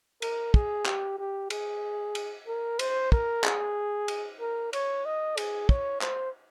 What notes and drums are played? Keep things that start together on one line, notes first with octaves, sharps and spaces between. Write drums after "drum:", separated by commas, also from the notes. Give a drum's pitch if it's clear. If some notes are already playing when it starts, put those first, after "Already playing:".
A#4, drum: cymbal
G#4, drum: kick
G4, drum: clap
G4
G#4, drum: cymbal
drum: cymbal
A#4
C5, drum: cymbal
A#4, drum: kick
G#4, drum: clap
drum: cymbal
A#4
C#5, drum: cymbal
D#5
G#4, drum: cymbal
C#5, drum: kick
C5, drum: clap